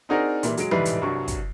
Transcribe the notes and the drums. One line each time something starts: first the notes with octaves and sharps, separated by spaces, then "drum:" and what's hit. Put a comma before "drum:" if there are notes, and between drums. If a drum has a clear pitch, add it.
C4 D4 D#4 F#4 G#4 A#4
A#2 E3 G3, drum: hi-hat
F#3 G#3 D7, drum: hi-hat
F1 G#2 E3 G3 B4 C7, drum: tom
drum: hi-hat
C2 G2 F#3 C#6
drum: kick, hi-hat